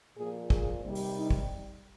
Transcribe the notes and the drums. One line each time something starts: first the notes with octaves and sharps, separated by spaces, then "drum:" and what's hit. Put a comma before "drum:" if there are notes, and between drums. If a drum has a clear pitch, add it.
A#2 F3 G#4
G#4, drum: kick
C3 D#3 G3
drum: open hi-hat
D#4
drum: kick